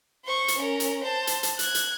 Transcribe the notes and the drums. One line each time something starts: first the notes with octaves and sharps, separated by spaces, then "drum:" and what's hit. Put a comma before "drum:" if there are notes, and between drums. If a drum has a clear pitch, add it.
C5 C#6
drum: hi-hat
C#4 A#4
drum: hi-hat
C5 A5
drum: hi-hat
drum: hi-hat
F#6 G#6, drum: hi-hat
drum: hi-hat